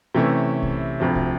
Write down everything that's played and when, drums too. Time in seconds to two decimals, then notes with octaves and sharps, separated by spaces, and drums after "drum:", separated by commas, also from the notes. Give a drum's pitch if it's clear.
0.14 C3 E3 A3 C#4 E4
0.63 drum: kick B1
1.00 D2 C3 F3
1.15 drum: kick B1